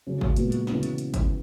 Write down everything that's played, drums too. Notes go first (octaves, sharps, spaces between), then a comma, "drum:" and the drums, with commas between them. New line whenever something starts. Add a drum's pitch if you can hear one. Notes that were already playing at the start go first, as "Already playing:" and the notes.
C#3 F#3 C#4
drum: kick
A#2 G#3 B3 F#4, drum: hi-hat
drum: hi-hat
C#3 E3 B3 F#4, drum: snare
drum: hi-hat
drum: hi-hat
drum: kick, hi-hat